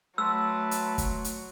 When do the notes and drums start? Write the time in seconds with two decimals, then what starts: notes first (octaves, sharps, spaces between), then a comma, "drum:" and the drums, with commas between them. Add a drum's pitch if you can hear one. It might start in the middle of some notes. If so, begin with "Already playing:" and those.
0.18 F#3 A3 B4 E5 A5 C6 E6
0.71 drum: hi-hat
0.98 drum: kick, hi-hat
1.24 drum: hi-hat